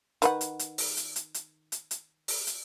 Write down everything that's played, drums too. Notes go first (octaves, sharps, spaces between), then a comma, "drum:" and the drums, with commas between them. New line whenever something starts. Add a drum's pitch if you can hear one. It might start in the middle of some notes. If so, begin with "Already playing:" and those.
D#3 B4 F#5, drum: hi-hat
drum: hi-hat
drum: hi-hat
drum: open hi-hat
drum: hi-hat
drum: hi-hat
drum: hi-hat
drum: hi-hat
drum: hi-hat
drum: open hi-hat
drum: hi-hat